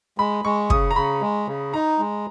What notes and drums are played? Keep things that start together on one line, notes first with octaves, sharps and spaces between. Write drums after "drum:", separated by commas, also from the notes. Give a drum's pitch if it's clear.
G#3 B5
G#3 C#6
C#3 D#6, drum: kick
A#5
C#3 B5
G#3
C#3
D#4 A#5
G#3